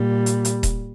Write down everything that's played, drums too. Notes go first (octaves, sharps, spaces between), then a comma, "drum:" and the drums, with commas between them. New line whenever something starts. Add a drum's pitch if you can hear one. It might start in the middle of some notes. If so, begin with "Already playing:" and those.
Already playing: A#2 G3
drum: hi-hat
drum: hi-hat
drum: kick D#1, hi-hat